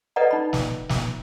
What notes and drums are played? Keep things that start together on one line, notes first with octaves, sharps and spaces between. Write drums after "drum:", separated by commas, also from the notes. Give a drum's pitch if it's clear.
A4 B4 D5 D#5 F#5 A#5
D#4 B5
drum: snare
drum: snare